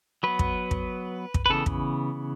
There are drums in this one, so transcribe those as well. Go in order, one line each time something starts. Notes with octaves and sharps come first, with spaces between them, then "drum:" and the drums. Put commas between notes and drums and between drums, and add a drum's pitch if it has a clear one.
F#3 B3 B4
drum: kick
drum: kick
drum: kick
B4
C#3 E3 B3 A4
drum: kick